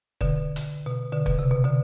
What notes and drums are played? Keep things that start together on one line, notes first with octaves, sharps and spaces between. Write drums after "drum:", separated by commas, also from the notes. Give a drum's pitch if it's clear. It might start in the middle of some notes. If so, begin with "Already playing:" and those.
B2 D3, drum: kick
drum: hi-hat
B2
B2 D3
B2, drum: kick
C3
B2
B2 D3